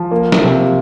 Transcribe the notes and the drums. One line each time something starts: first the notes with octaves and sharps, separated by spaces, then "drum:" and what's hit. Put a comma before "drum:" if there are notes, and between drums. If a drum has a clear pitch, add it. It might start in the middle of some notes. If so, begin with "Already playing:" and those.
Already playing: F3
A#3
drum: snare
C3